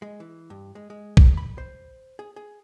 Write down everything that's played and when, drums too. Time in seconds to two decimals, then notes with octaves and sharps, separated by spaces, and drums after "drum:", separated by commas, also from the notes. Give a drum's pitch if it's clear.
0.02 G#3
0.20 E3
0.50 G2
0.75 G#3
0.90 G#3
1.17 drum: kick A#1
1.37 B5
1.58 C5
2.19 G#4
2.36 G#4